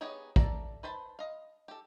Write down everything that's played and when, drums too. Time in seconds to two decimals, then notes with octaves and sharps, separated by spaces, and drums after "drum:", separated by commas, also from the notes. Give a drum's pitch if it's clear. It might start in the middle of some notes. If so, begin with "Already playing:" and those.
0.01 B3 D#4 G4 G#4 C#5
0.36 A4 D5 E5 A5 A#5, drum: kick
0.83 B4 C5 A5 B5
1.19 D#5 F5
1.68 G4 A4